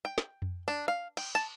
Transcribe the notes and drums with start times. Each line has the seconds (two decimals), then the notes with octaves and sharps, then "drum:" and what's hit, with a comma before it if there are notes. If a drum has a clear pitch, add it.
0.05 G5
0.18 drum: snare
0.42 drum: tom F2
0.68 D4
0.88 F5
1.17 G5, drum: cymbal
1.35 A5